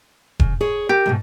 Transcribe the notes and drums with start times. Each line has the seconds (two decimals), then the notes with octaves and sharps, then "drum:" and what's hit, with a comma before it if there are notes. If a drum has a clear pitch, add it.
0.40 C#3, drum: kick E1
0.61 G#4 C#5
0.89 G4 A#4
1.06 E2 G#2 B2